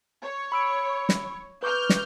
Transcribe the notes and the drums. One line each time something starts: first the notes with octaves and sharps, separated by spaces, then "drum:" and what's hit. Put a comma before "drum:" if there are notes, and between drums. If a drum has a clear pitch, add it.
C#5
B5 E6 D7
drum: snare
B4 C#6 D6 F6 G6
drum: snare